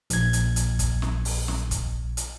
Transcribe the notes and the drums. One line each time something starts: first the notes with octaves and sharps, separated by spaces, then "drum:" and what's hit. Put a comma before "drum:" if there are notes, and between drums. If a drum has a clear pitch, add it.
A#1 G#6, drum: hi-hat
drum: hi-hat
drum: hi-hat
drum: kick, hi-hat
drum: snare
drum: open hi-hat
drum: snare
drum: kick, hi-hat
drum: hi-hat